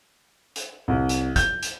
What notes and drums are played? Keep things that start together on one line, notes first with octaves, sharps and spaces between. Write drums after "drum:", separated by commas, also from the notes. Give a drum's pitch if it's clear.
drum: hi-hat
C2
drum: hi-hat
G6, drum: kick, hi-hat
drum: hi-hat